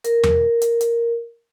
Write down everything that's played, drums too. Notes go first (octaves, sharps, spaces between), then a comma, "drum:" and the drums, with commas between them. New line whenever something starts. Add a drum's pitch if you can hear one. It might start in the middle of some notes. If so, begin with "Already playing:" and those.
A#4, drum: hi-hat
drum: tom E2
drum: hi-hat
drum: hi-hat